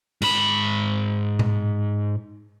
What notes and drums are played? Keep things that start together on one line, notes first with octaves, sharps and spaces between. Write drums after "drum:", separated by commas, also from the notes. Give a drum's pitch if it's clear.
G#2 B5, drum: cymbal
drum: tom A2